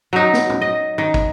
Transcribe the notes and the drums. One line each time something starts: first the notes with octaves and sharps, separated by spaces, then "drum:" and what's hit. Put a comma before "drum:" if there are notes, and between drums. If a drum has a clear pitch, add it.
F#3 D#4
drum: snare
drum: tom
D#5
D#3
drum: kick